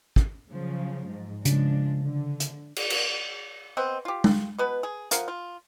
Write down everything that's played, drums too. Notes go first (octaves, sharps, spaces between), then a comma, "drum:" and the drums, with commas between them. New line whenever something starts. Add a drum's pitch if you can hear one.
drum: kick
C#3 F3 F#3
G#2
C#3 F3 G#3 D4, drum: hi-hat
D3
drum: hi-hat
drum: cymbal
drum: cymbal
B3 C4 D#5
F4 G4
drum: tom G#3
B2 B3 B4
G#4
F3 A#4 F5 F#5, drum: hi-hat
F4